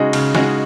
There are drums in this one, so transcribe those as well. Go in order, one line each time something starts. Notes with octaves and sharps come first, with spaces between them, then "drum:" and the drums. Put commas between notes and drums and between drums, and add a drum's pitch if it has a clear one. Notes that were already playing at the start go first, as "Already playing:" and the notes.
Already playing: C#3 G#3 D#4 F#4
C#3, drum: cymbal
G#3 D#4 F#4, drum: snare